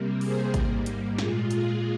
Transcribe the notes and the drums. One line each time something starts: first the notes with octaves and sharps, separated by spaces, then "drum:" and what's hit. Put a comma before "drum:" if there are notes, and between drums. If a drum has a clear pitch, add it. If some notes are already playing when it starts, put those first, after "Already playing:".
Already playing: C3 G3 A#3
G#4 C5, drum: open hi-hat
G#2 G3 A#3, drum: kick A1, hi-hat
drum: hi-hat
A#2 G#3 F4 G#4, drum: snare
F4 G#4, drum: hi-hat